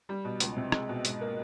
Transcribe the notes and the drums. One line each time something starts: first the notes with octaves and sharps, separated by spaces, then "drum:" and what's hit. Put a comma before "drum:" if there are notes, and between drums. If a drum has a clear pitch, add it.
G3
B2
C#2, drum: hi-hat
C3
G#3, drum: rim click
B2
G#2, drum: hi-hat
A#3